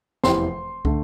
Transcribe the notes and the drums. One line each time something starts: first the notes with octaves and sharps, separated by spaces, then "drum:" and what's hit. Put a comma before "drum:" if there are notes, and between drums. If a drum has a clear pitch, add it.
F1 E2 C3 E3 C5 C6, drum: snare
D3 A3, drum: kick